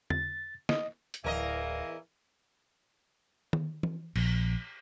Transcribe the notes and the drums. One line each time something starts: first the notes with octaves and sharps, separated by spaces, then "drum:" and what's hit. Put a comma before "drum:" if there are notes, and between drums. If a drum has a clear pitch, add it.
A6, drum: tom
D#5, drum: snare
drum: hi-hat
D1 E2 E3 A#4 D#5 F5
drum: tom D#3
drum: tom E3
A#1, drum: cymbal